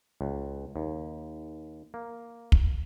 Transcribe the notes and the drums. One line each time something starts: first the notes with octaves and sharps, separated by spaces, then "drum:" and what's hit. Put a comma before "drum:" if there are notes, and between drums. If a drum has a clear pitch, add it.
C#2
D#2
A#3
drum: kick